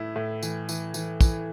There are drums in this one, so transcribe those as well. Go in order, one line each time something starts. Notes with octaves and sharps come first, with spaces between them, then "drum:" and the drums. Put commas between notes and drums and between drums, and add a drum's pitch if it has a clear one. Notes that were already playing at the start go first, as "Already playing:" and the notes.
Already playing: A2 A3 E4
A2
E3, drum: tambourine
E3, drum: tambourine
E3, drum: tambourine
E3, drum: kick, tambourine